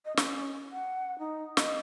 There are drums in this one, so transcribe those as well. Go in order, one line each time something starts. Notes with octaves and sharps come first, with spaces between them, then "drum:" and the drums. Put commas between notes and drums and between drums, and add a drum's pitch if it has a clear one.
D#5
C#4, drum: snare
F#5
D#4
D#5, drum: snare